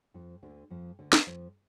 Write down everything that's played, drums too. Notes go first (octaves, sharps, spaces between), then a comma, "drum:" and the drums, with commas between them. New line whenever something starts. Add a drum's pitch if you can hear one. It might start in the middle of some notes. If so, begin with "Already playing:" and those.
F2 F3
D2 D3
F2 F3
D2 D3
drum: snare
F2 F3